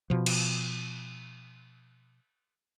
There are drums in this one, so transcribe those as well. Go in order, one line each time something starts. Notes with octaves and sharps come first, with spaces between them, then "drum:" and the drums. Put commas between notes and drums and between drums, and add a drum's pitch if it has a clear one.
B2 F3
drum: cymbal